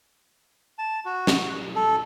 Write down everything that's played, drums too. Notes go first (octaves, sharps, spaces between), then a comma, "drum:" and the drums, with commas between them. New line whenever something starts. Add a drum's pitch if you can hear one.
A5
F#4
drum: snare
A4